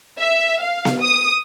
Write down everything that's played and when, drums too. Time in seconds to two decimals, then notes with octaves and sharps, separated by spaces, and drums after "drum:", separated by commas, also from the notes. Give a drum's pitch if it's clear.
0.19 E5
0.61 F5
0.85 drum: snare B3
1.02 D#6